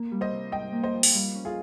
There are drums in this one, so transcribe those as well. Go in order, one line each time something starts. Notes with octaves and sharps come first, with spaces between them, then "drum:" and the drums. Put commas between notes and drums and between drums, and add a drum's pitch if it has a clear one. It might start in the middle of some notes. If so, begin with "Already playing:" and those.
Already playing: A#3
G3
C5 D#5
C3
G#2 D#5 G5
A#3
C5 D#5
F3
drum: open hi-hat
G3
C#4
F4 G#4